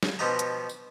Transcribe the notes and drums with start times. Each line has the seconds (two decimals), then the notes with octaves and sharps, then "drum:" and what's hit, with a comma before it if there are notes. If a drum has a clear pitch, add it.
0.03 drum: snare
0.19 B2 F3 B3 G4 D#5 A#5
0.39 drum: hi-hat
0.69 drum: tambourine